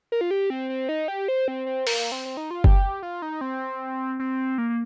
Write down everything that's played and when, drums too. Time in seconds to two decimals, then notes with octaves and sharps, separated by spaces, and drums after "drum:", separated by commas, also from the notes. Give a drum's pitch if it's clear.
0.12 A#4
0.21 F4
0.31 G4
0.50 C4
0.69 C4
0.89 D#4
1.08 G4
1.28 C5
1.48 C4
1.66 C4
1.87 A#3, drum: open hi-hat
1.99 A#3
2.12 C4
2.25 C4
2.37 D#4
2.51 F4
2.64 G4, drum: kick F#1
3.03 F4
3.22 D#4
3.41 C4
4.19 C4
4.58 A#3
4.70 A#3